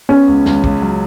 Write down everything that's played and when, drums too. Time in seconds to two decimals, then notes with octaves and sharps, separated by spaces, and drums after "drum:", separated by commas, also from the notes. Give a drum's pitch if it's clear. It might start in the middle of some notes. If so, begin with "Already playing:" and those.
0.09 B3 C#4
0.28 C#2
0.46 C#2, drum: snare
0.64 C#2, drum: kick
0.82 F#3